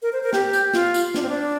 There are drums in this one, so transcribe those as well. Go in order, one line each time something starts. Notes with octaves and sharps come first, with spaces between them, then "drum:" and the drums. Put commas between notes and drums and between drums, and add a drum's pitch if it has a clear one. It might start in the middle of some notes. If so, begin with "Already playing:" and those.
A#4
C5
A#4
G4, drum: snare
drum: tambourine
F4, drum: snare
drum: tambourine
D4, drum: snare
C4
D4